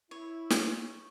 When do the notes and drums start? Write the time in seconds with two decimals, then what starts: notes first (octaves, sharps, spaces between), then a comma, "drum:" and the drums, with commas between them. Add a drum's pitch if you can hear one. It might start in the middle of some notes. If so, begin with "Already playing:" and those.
0.11 E4 C#5
0.50 drum: snare